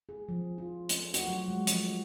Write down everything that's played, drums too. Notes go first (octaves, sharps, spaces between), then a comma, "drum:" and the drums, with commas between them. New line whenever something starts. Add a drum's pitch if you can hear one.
G#4
F3
F4
A3, drum: hi-hat
F#4, drum: hi-hat
F#3
G#3
F3, drum: hi-hat